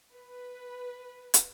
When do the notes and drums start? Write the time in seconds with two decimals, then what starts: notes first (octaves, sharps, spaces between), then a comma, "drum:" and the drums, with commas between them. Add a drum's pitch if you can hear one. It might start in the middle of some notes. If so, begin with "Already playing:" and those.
0.13 B4
1.34 drum: hi-hat